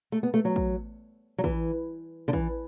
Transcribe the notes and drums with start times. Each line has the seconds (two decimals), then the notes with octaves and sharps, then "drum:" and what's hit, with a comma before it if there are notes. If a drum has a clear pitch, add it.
0.12 A3
0.23 B3
0.34 A3
0.45 F#3
0.56 drum: kick
1.38 F#3
1.44 E3, drum: kick
2.28 D3
2.33 E3, drum: kick